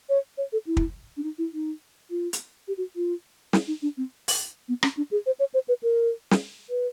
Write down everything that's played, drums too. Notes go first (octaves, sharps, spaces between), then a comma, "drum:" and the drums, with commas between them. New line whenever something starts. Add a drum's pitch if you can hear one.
C#5
C#5
A4
E4
drum: kick
D4
D#4
E4
D#4
F4
drum: hi-hat
G4
F#4
F4
E4, drum: snare
D#4
D4
C4
drum: open hi-hat
B3
C#4, drum: rim click
D4
G#4
C5
C#5
C5
B4
A#4
drum: snare
B4